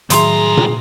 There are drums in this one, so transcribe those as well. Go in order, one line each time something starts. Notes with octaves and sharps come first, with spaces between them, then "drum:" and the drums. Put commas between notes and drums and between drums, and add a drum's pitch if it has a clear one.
C2 A2 D#3 F#3 G#4 E5 A#5 C6, drum: hi-hat
drum: tom A#2